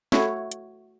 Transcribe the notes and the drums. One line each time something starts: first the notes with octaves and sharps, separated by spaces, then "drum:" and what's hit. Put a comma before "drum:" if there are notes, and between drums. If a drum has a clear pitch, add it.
A3 E4 F#4 C#5, drum: snare
drum: hi-hat